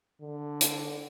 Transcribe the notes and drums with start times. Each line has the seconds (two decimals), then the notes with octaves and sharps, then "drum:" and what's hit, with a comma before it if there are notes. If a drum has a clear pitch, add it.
0.22 D3
0.61 drum: hi-hat